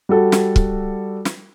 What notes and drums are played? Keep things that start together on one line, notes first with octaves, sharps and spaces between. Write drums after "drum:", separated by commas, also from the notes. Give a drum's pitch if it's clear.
G3 F#4 A4
drum: snare
drum: kick
drum: snare